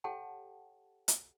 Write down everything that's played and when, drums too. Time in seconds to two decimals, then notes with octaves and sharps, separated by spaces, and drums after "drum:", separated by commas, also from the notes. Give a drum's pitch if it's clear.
0.04 G4 A4 C#5 F#5 G5 A5
1.08 drum: hi-hat